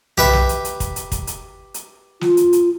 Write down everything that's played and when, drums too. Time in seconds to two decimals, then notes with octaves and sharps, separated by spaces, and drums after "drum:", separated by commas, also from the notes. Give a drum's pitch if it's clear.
0.18 G4 B4 E5, drum: tom
0.33 drum: snare
0.49 drum: hi-hat
0.65 drum: hi-hat
0.80 drum: kick, hi-hat
0.96 drum: hi-hat
1.12 drum: kick, hi-hat
1.27 drum: hi-hat
1.74 drum: hi-hat
2.21 F4, drum: snare
2.37 drum: hi-hat
2.53 drum: hi-hat